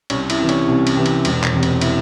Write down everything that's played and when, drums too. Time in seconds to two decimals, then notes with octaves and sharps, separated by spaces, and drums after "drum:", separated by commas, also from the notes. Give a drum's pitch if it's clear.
0.10 C2 C#4, drum: cymbal
0.30 E4, drum: cymbal
0.39 C3 E3
0.49 C#4, drum: cymbal
0.68 C2
0.87 drum: cymbal
0.96 C3 E3
1.06 drum: cymbal
1.25 E1, drum: cymbal
1.44 drum: clap
1.53 E2 C3
1.63 drum: cymbal
1.81 E4, drum: cymbal